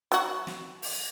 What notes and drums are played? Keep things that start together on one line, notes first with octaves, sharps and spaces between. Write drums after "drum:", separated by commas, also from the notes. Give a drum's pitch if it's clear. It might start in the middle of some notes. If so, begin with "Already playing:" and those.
F#3 F#4, drum: hi-hat
drum: snare
drum: open hi-hat